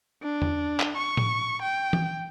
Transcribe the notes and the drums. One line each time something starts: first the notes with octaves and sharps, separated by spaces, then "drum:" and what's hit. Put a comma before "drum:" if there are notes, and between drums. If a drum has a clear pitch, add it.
D4
drum: tom E2
drum: clap
C#6
drum: tom A2
G5
drum: tom E3